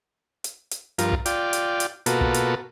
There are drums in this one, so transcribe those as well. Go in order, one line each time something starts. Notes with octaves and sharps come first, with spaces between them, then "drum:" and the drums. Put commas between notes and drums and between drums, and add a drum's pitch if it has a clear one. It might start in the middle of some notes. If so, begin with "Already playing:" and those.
drum: hi-hat
drum: hi-hat
G2 F3 F4 A#4, drum: hi-hat
drum: kick
F4 D5 G5, drum: hi-hat
drum: hi-hat
drum: hi-hat
B2 A#3 F4 F#4 A4 B4, drum: hi-hat
drum: kick
drum: hi-hat